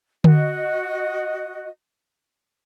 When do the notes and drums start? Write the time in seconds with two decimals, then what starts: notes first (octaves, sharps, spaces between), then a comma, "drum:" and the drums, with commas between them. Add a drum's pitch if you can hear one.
0.24 F#4 D#5, drum: tom D3